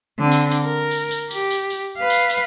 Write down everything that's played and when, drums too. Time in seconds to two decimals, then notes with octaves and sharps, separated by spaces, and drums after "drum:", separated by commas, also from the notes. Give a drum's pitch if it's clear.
0.19 D3 C4
0.32 drum: tambourine
0.51 drum: tambourine
0.64 A#4
0.91 drum: tambourine
1.11 drum: tambourine
1.31 G4, drum: tambourine
1.50 drum: tambourine
1.70 drum: tambourine
1.97 B4 F5
2.10 drum: tambourine
2.30 drum: tambourine